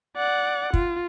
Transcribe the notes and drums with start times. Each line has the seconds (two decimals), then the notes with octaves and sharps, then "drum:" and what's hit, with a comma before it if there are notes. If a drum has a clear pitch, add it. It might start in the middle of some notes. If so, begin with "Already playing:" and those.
0.16 D5 F#5
0.74 F4, drum: kick